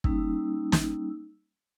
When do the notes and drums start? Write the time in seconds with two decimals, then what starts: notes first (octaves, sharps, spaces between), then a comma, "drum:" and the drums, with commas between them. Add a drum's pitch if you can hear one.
0.04 G3 A#3 C#4 D#4 E6, drum: kick
0.72 drum: snare